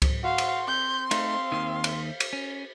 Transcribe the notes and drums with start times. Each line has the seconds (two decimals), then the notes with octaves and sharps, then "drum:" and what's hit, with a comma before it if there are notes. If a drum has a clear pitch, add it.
0.02 drum: kick C#2, cymbal
0.24 F#4 F5 C6
0.38 drum: cymbal
0.67 C4 G6
1.11 A3 D#4 F5, drum: cymbal
1.52 D#2 D#3
1.84 drum: cymbal
2.20 drum: cymbal
2.33 C#4